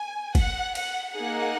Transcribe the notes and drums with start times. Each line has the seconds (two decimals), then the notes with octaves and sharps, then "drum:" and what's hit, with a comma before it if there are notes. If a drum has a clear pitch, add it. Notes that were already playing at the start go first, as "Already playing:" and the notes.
Already playing: G#5
0.35 F#5, drum: kick, cymbal
0.75 F#5, drum: cymbal
1.14 A#3 D#4 G#4 F#5